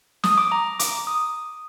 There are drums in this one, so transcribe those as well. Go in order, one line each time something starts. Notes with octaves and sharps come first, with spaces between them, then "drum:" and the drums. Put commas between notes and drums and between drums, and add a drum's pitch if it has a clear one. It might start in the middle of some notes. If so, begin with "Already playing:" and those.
D#6, drum: snare
D6
A#5
D6, drum: hi-hat
D#6